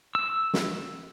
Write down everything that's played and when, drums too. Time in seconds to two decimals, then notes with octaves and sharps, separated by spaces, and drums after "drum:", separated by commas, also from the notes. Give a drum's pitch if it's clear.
0.15 E6
0.54 drum: snare